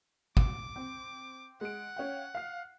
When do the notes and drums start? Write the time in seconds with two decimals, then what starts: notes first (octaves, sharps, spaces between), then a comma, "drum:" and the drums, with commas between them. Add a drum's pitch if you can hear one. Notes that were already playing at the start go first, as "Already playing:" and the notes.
0.37 D6, drum: kick
0.76 C4
1.61 G#3 F#5 D7
1.96 C#4 F5 G5
2.35 F5 C7